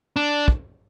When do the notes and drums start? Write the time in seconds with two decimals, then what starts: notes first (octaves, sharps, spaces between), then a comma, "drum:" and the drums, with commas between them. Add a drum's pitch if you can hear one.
0.16 D4
0.48 drum: kick